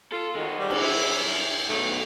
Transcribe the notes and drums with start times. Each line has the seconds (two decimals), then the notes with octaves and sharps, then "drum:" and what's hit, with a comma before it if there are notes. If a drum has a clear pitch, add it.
0.12 F4 A4
0.36 D#3 G#3 F#4
0.58 G3
0.70 drum: cymbal
0.81 F#2 E4 E5
1.69 B1 A3